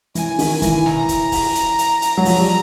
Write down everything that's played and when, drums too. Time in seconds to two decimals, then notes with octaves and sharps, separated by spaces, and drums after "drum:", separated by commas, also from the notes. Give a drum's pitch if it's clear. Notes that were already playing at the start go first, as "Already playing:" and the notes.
0.15 E3 G#5, drum: hi-hat
0.39 D#3, drum: open hi-hat
0.50 G#5
0.62 E3, drum: kick, hi-hat
0.86 A#5, drum: snare
1.09 drum: kick, hi-hat
1.32 drum: kick, open hi-hat
1.55 drum: hi-hat
1.78 drum: hi-hat
2.02 drum: hi-hat
2.17 F#3
2.25 F3 A#5, drum: open hi-hat
2.38 G3